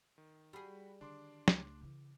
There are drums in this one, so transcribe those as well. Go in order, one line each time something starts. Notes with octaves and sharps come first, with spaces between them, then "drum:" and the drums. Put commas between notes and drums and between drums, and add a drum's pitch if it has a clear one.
D#3
G3 F#4 G#4 G5 B5
D3 D#3 D4 C6 D6
C#2 A3, drum: snare
C#3 E3